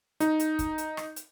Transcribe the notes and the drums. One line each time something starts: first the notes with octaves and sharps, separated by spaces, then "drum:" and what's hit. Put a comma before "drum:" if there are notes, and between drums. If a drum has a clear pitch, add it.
D#4, drum: hi-hat
drum: hi-hat
drum: kick, hi-hat
drum: hi-hat
drum: rim click
drum: hi-hat